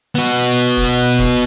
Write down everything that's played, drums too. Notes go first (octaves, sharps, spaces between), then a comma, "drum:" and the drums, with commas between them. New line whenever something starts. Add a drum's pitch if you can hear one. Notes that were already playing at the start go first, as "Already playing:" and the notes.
B3 F#4, drum: hi-hat
drum: hi-hat
drum: hi-hat
drum: kick, hi-hat
drum: kick, open hi-hat